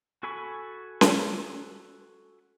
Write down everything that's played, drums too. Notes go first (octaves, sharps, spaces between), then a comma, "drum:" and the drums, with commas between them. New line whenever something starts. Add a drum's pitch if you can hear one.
F#4 A4 G#5 B5 C#6
drum: snare C#4